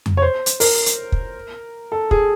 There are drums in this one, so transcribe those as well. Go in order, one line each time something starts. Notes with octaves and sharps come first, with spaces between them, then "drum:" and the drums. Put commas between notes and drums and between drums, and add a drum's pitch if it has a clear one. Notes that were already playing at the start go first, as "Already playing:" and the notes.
drum: tom F2
C#5
C5
drum: hi-hat
A#4, drum: open hi-hat
drum: hi-hat
drum: kick
A4
G#4, drum: kick